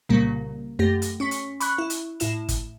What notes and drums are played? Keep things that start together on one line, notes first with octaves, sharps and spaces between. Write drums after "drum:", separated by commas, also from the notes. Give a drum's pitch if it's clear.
C2 A#2 C#3 G3 A#3
F#2 A3 G4 A#6
drum: hi-hat
C#4 C#6 B6
drum: hi-hat
B5 C#6 F#6, drum: hi-hat
E4
drum: hi-hat
A2 E4 E7, drum: hi-hat
drum: kick, hi-hat